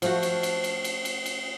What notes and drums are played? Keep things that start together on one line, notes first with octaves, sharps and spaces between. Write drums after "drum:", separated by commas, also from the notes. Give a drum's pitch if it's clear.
F3 A3 F#4, drum: cymbal
drum: cymbal
drum: cymbal
drum: cymbal
drum: cymbal
drum: cymbal
drum: cymbal